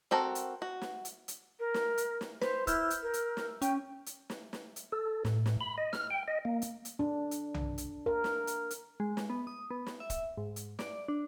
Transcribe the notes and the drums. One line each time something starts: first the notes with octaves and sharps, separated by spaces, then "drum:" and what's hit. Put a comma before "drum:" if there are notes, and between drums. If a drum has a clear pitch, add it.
C4 F#4 A4 A#4
drum: hi-hat
F#4
drum: snare
drum: hi-hat
drum: hi-hat
A#4
drum: snare
drum: hi-hat
drum: snare
B4 C5, drum: snare
E4 E6 F6 G6, drum: kick, hi-hat
drum: hi-hat
A#4
drum: hi-hat
drum: snare
C#4 G5, drum: hi-hat
drum: hi-hat
drum: snare
drum: snare
drum: hi-hat
A4
A2, drum: snare
drum: snare
B5
D#5
F6, drum: snare
G5
D#5
A#3
drum: hi-hat
drum: hi-hat
D4
drum: hi-hat
drum: tom B1
drum: hi-hat
A#4
drum: snare
drum: hi-hat
drum: hi-hat
G#3
drum: snare
B3
D#6
B3
drum: snare
E5
drum: kick, hi-hat
G#2
drum: hi-hat
D5, drum: snare
D4